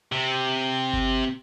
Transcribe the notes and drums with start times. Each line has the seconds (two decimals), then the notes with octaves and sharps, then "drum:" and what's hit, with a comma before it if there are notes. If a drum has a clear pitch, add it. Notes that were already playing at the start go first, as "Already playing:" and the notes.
0.12 C3
0.93 drum: kick G1